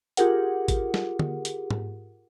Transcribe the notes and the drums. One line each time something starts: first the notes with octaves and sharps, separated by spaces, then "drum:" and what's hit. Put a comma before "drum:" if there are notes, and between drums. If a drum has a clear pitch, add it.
F4 G4 G#4 A#4 F#5, drum: hi-hat
drum: kick G#1, hi-hat
drum: snare
drum: tom D3
drum: hi-hat
drum: tom G#2